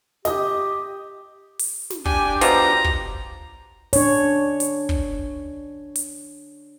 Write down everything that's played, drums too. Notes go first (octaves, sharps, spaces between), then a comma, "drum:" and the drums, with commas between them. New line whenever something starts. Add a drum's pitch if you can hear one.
G4 D#5 D#6, drum: snare
drum: open hi-hat
drum: snare
D4 G4 G#5, drum: kick
B2 F3 A#5, drum: hi-hat
drum: kick
D4 C#5, drum: open hi-hat
drum: hi-hat
drum: kick
drum: hi-hat